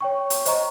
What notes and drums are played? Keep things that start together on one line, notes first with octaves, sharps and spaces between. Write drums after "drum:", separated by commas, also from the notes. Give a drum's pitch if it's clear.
C#5 G5 C#6
drum: hi-hat
C5 D#5 A#5 C#6, drum: hi-hat